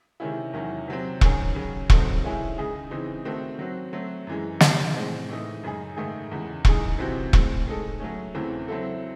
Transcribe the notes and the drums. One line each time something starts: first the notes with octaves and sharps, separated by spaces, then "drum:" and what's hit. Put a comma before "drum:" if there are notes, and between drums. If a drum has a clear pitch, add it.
C3 D#3 G#3 C#4 E4
E2 D#3 F#3 C#4 E4
C3 F#3 C4
F#2 D#3 F#3 C#4 G#4, drum: kick E1
C#3 F#3 C#4
F#3 C4 D#4 F#4 A4, drum: kick E1
D#3 G#3 C#4 E4 G#4
C#3 G#3 D#4 G#4
C#3 E3 C4 D#4
D#3 A3 C4 F#4 A4
F#3 C4 F#4
F#3 A3 C4
F#2 E3 G#3
C3 D#3 F#3, drum: snare
A2 G#3 C4
A2 E3 A3 D#4
F#2 C#3 G#3 D#4 G#4
G#2 D#3 A3 D#4 G#4
E2 C#3 G#3
F#2 E3 G#3 D#4 G#4, drum: kick E1
C3 E3 C4 F#4
A2 G#3 C4, drum: kick E1
A2 G#3 D#4 A4
F#3 A3 C#4
E2 C#3 E3 A3 C4
F#3 C4 E4 A4